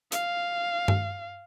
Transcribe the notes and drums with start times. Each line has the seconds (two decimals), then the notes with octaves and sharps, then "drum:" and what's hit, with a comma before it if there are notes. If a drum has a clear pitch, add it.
0.12 F5, drum: hi-hat
0.88 drum: tom G2